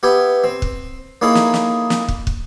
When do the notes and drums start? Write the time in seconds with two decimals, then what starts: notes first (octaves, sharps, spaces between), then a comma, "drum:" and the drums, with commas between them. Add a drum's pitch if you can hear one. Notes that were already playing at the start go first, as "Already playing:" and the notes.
0.03 B3 G4 E5 G#5
0.44 C4
0.62 drum: kick
1.22 A#3 C#4 D#4 E4 G#4 A4
1.35 drum: snare
1.54 drum: snare
1.90 drum: snare
2.08 drum: kick
2.27 drum: kick